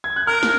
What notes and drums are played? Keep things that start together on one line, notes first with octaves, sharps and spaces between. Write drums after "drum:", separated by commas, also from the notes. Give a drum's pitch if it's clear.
G#6
F#6
A#4 F6
drum: snare